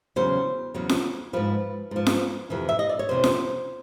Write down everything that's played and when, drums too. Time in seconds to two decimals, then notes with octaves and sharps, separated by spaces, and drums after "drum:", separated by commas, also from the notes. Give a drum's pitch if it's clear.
0.16 E2 C#3 F#3 C5
0.74 E2 C#3 F#3
0.89 drum: snare
1.33 G#2 F3 B4
1.91 G#2 F3
2.07 drum: snare
2.50 F2 C3 E3
2.69 E5
2.79 D#5
2.89 D5
2.99 C#5
3.09 F2 C3 E3 C5
3.24 drum: snare